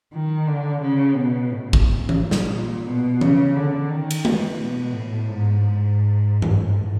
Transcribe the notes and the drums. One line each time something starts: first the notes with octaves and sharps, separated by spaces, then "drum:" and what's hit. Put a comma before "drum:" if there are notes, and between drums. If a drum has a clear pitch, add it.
D#3
D3
C#3
B2
A2
drum: kick
A2
drum: tom E3
A#2
drum: snare
A#2
B2
C#3, drum: tom E3
D3
D#3
drum: cymbal
E3, drum: tom G#3
B2
A2
G#2
G#2
drum: tom G2
A2